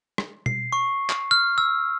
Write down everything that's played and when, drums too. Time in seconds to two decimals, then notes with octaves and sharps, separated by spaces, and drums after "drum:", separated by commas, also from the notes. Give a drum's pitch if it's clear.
0.18 drum: rim click
0.46 C7, drum: tom B2
0.73 C#6
1.10 drum: clap
1.31 F6
1.58 E6